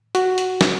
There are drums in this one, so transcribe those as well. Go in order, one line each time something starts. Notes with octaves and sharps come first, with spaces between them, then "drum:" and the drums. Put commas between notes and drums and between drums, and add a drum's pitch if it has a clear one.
F#4, drum: hi-hat
drum: hi-hat
drum: snare